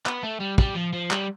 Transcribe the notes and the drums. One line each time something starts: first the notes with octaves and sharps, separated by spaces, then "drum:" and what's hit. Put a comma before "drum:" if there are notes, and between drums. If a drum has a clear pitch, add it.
B3, drum: clap
A3
G3
G3, drum: kick
F3
F3
G3, drum: clap